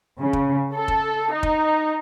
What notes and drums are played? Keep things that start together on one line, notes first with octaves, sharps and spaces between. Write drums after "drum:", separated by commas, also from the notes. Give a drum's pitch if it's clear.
C#3
drum: kick
A4
drum: kick
D#4
drum: kick